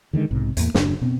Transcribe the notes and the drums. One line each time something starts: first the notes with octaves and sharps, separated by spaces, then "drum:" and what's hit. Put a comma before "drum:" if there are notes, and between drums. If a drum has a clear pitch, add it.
D3 D#3 F#3 G#3
B1 G#2 C3
E2 A2 A#3, drum: hi-hat
D#1 F#2 C#3 D4, drum: snare
B2 B3 C4